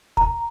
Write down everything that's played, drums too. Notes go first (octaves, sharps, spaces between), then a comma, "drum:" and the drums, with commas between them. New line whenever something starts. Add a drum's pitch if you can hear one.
A#5, drum: kick